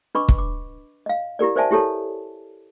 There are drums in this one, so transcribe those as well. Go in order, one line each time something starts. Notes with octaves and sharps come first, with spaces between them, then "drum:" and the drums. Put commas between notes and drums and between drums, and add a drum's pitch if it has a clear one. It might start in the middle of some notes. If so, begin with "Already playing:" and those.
D4 B4 D#5 B5 C#6 D6
drum: kick
D6
D#5 F5
E4 G4 A#4 D5
A#4 C5 D5 E5 G#5 A5
E4 G4 A4 C#5 A5